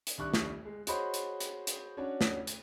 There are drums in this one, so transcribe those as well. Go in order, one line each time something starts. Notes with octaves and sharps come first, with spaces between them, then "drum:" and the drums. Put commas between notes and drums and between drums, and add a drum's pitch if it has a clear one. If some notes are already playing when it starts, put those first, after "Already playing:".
drum: hi-hat
C2 D#3 D4 C#6 F#6
drum: snare
G#3
F#4 G#4 C5 C#5 D#5 B5, drum: hi-hat
drum: hi-hat
drum: hi-hat
drum: hi-hat
C#4 D4 F#4 C#5
drum: snare
drum: hi-hat